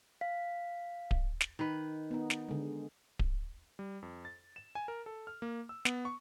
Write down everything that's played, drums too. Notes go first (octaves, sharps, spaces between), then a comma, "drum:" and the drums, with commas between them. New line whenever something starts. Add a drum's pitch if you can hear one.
F5 B6
drum: kick D1
drum: snare
D#3 B4
B3 D#4
drum: snare
D3 G#3
drum: kick D1
G3
F2
A6
E7
G#5
A#4
A4
F6
A#3
E6
B3, drum: snare
C#6